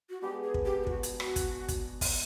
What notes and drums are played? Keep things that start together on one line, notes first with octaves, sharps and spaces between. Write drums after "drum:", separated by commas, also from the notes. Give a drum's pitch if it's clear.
F#4
G#3 B3 D4 G4
G#4
drum: kick
G4
G4
F#4, drum: kick
drum: hi-hat
F#4, drum: rim click
drum: kick, hi-hat
drum: kick, hi-hat
drum: kick, open hi-hat